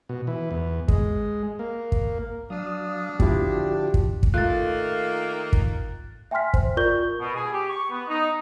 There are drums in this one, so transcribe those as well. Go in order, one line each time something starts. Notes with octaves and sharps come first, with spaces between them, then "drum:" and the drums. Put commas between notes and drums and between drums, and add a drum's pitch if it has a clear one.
B2
E3
E2
G#3, drum: kick
A#3
drum: kick
F#3 D4 F5 D#6
D3 F3 E4 F#4 G4, drum: kick
drum: kick
drum: kick
D#3 A3 A#3 F4 A#4 F#6 A6
drum: kick
E5 G5 G#5 C6 F6 B6
C5, drum: kick
F4 A#4 D5 C#6 G6 G7
B2
G#4
G4
C#6
B3
D#4